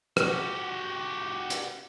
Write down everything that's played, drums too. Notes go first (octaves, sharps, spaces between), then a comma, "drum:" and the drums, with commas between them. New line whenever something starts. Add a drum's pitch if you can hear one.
F#4 G4, drum: rim click
drum: hi-hat